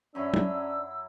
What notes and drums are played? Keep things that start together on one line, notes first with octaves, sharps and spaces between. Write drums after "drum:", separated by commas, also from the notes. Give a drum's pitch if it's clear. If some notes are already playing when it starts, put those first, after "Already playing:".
F#2 F#3 C#4 D4 E4 E6
drum: tom